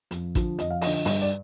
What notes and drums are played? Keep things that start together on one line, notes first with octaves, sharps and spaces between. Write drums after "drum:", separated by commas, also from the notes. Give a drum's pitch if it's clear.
F2, drum: hi-hat
D3 F3, drum: kick A1, hi-hat
F2 D#5, drum: hi-hat
F5
F3 D#5, drum: open hi-hat
D3
D#5
G2 D#5, drum: open hi-hat
D5